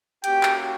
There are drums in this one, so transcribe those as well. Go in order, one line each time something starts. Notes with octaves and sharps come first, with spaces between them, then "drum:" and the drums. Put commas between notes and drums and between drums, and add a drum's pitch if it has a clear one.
A#3 C#4 F#4 G4 G5, drum: hi-hat
drum: clap